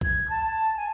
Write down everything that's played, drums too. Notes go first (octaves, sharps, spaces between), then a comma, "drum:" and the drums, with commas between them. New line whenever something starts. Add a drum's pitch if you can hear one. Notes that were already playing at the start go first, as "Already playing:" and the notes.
G#6, drum: kick B1
A5
G#5